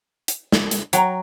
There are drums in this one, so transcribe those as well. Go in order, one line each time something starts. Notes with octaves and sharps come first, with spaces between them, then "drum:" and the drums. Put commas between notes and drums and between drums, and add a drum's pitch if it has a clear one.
drum: hi-hat
D4, drum: snare
drum: hi-hat
F#3 G5 A#5, drum: hi-hat